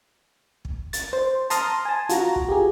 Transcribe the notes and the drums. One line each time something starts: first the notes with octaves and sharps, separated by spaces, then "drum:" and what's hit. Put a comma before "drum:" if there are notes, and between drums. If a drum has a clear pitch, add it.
drum: kick
A6, drum: hi-hat
C5
A5 A#5 C6 D#6 F6 A#6, drum: hi-hat
G#5 A5
F4 F#4 A#5, drum: hi-hat
drum: kick
G4 G#4